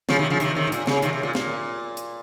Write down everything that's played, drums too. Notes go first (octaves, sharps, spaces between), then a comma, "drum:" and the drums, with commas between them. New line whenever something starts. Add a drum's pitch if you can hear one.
C#3 F3, drum: snare
C3 D#3
C#3 F3
C3 D#3, drum: hi-hat
C3 D#3
G#2
A#2, drum: hi-hat
C#3, drum: snare
C3 D#3, drum: hi-hat
C3
A#2
A#2, drum: snare
drum: hi-hat